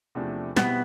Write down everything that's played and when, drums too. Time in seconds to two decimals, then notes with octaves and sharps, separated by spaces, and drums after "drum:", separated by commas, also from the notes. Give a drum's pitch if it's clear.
0.15 E2 C3 F3 A3 D4
0.57 B2 G3 B3 C4 E4, drum: snare